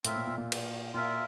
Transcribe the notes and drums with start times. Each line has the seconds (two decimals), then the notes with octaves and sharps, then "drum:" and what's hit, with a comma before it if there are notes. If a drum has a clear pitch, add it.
0.05 A2 C4 F4 A#4 E5, drum: hi-hat
0.16 A#2
0.27 A#2
0.38 A#2
0.52 drum: cymbal
0.93 A#2 F4 A#4 E5